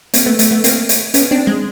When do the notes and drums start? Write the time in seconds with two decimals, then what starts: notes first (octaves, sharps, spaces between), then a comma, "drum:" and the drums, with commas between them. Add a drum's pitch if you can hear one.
0.14 A#3 C4, drum: hi-hat
0.26 A3 B3
0.39 A3 B3, drum: hi-hat
0.51 A3 B3
0.64 A#3 C4, drum: hi-hat
0.89 drum: hi-hat
1.14 B3 C#4, drum: hi-hat
1.31 C4 D4
1.47 G#3